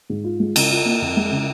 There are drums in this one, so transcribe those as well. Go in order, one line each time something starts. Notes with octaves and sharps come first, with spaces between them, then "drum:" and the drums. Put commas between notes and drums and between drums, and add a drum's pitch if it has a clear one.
G#2
F4
G#3
C#3, drum: cymbal
F4
A#3
F2
G#3
C#3